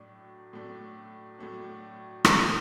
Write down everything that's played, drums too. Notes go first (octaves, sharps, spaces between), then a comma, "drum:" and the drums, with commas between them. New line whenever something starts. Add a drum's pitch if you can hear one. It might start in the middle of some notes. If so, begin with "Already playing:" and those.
Already playing: A2 F#3 A3 D4
A2 F#3 A3 D4
A2 F#3 A3 D4
A2 F#3 A3 D4, drum: rim click